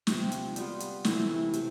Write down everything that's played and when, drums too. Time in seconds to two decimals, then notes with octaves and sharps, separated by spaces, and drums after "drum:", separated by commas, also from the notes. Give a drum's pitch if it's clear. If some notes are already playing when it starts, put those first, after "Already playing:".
0.07 C3 F3 C4, drum: snare
0.32 drum: hi-hat
0.56 G3 B3 F4 B4, drum: hi-hat
0.80 drum: hi-hat
1.05 C3 E3 A3 E4, drum: snare
1.53 C3, drum: hi-hat